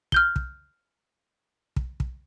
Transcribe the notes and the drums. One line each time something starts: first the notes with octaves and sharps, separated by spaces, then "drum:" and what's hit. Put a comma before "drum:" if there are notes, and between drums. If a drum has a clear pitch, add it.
F6 G6 G7, drum: kick
drum: kick
drum: kick
drum: kick